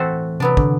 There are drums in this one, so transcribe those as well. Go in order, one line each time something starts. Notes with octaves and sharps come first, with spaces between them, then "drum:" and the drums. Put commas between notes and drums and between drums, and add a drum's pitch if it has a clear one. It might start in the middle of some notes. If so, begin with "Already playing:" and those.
Already playing: E3 A3 C4 F#4 A4 C5
C3 F#3 B3 D4
D3, drum: kick